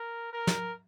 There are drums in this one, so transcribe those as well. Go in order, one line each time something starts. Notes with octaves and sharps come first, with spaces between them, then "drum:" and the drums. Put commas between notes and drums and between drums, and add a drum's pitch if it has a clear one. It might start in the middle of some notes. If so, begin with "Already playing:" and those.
Already playing: A#4
A#4
drum: snare